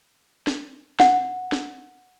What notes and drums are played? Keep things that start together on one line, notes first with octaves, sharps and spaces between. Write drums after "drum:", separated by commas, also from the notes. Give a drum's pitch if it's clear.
drum: snare
F#5, drum: snare
drum: snare